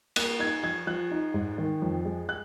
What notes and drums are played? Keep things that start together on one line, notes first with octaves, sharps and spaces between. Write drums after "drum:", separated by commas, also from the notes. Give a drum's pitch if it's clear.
A#3 F#6, drum: cymbal
D#4 G#6
F3 G#6
F3 F#6
D#4
G#2
D#3
F2
G#3
F#6